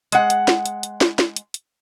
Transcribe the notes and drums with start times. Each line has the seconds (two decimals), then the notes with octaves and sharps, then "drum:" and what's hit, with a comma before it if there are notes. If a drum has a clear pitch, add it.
0.12 G#3 F#5, drum: hi-hat
0.30 drum: hi-hat
0.48 drum: snare
0.66 drum: hi-hat
0.83 drum: hi-hat
1.01 drum: snare
1.19 drum: snare
1.36 drum: hi-hat
1.54 drum: hi-hat